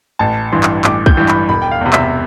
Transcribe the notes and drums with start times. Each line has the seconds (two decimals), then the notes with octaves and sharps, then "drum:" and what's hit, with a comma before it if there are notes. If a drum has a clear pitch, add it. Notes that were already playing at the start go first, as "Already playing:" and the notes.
0.19 A1 A5
0.52 G2 E3 C6
0.63 drum: clap
0.84 A1 D6, drum: clap
1.06 G6, drum: kick
1.17 G2 E3
1.28 B5, drum: clap
1.49 E1 B5
1.62 G5
1.71 F5
1.81 E2 C3
1.93 E5, drum: clap